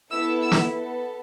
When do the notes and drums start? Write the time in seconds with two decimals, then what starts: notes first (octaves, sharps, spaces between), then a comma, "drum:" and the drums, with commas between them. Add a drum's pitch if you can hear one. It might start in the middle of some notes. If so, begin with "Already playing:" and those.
0.11 B3 E4 A4 E6
0.42 E6
0.52 drum: snare
0.72 B3 A4